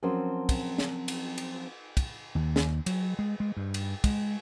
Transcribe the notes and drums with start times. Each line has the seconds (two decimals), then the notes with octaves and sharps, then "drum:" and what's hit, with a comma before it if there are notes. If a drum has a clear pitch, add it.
0.03 F3 F#3 C4 C#4 A#4 C5
0.49 drum: kick, cymbal
0.78 drum: snare
1.08 drum: cymbal
1.38 drum: cymbal
1.97 drum: kick, cymbal
2.35 D#2
2.56 drum: snare
2.86 F#3, drum: cymbal
3.19 G#3
3.40 G#3
3.57 G2
3.74 drum: cymbal
4.04 G#3, drum: kick, cymbal